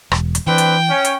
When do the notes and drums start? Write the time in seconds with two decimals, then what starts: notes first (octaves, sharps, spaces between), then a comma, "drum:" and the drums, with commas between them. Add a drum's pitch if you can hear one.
0.12 E1, drum: rim click
0.35 drum: hi-hat
0.47 E3 C4 D4 B4 G5
0.58 drum: hi-hat
0.89 C#4
1.05 drum: hi-hat